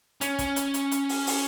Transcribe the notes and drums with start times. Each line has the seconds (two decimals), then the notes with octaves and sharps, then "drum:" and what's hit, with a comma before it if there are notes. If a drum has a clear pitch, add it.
0.21 C#4, drum: hi-hat
0.39 drum: kick, hi-hat
0.56 drum: hi-hat
0.74 drum: hi-hat
0.92 drum: hi-hat
1.09 drum: open hi-hat
1.27 drum: open hi-hat